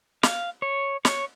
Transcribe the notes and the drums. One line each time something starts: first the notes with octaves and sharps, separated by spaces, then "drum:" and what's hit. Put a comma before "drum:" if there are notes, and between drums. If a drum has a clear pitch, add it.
F5, drum: snare
C#5
C#5, drum: snare